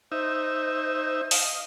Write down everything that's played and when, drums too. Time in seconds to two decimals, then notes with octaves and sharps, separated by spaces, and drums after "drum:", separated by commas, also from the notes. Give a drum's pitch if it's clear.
0.12 D#4 C5 E5
1.31 D#5 F5, drum: open hi-hat